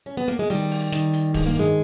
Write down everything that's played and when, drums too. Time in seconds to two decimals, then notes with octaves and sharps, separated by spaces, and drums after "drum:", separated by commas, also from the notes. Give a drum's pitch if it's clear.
0.06 C#4
0.17 B3
0.28 A#3
0.39 G#3
0.50 D#3 G3, drum: hi-hat
0.71 drum: open hi-hat
0.93 D#3, drum: snare
1.13 drum: hi-hat
1.34 G2 G#3, drum: kick D1, open hi-hat
1.46 A#3
1.59 G#3